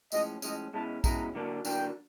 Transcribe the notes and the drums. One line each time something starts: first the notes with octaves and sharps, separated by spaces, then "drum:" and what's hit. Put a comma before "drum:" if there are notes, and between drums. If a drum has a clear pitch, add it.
A2 F3 G#3 C#4 D#5, drum: tambourine
A2 F3 G#3 C#4 D#5, drum: tambourine
B2 G#3 C#4 E4 A5
B2 G#3 C#4 E4 A#5, drum: kick, tambourine
D3 F#3 A#3 D4
D3 F#3 A#3 D4 G5, drum: tambourine